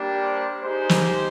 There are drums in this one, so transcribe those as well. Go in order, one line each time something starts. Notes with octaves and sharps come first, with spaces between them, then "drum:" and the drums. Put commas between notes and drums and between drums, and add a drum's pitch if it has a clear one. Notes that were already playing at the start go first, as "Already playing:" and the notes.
Already playing: G3 A#3 D4 G4
C5
G#3 D#4 G4 C5
drum: snare